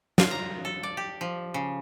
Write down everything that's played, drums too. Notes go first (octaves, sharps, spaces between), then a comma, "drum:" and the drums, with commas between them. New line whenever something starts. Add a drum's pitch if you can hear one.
F4, drum: snare
A#5
A4
D5
G4
F3
C#3